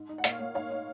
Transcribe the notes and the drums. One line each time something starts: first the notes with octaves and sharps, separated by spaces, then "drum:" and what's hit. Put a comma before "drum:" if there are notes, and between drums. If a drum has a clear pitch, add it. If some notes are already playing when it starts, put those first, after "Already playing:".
Already playing: G#2
D#4
F#5
A#2 C#5 F5, drum: hi-hat
A#3
G#2 C#5 F5
D#4